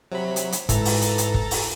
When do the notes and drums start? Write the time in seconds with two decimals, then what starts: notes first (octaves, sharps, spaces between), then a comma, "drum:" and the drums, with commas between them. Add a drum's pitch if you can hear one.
0.12 C3 F#3 B5
0.36 drum: hi-hat
0.52 drum: hi-hat
0.69 G#2 E3 A4 A#5 A6, drum: kick, hi-hat
0.85 drum: open hi-hat
1.02 drum: hi-hat
1.18 drum: hi-hat
1.34 drum: kick
1.51 drum: open hi-hat